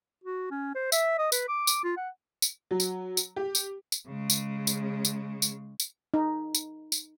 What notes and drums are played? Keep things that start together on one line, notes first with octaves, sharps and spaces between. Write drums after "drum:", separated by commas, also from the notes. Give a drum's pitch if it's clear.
F#4
C#4
C5
E5, drum: tambourine
D#5
B4, drum: tambourine
D6
drum: tambourine
F4
F#5
drum: tambourine
F#3
drum: tambourine
drum: tambourine
G4
drum: tambourine
drum: tambourine
C#3 G#3
drum: tambourine
drum: tambourine
drum: tambourine
drum: tambourine
drum: tambourine
D#4
drum: tambourine
drum: tambourine